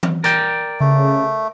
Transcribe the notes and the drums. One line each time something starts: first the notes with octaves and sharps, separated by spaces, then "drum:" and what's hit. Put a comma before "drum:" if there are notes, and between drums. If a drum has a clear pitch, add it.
drum: tom E3
A#4 D5 G5, drum: hi-hat
C#3 A3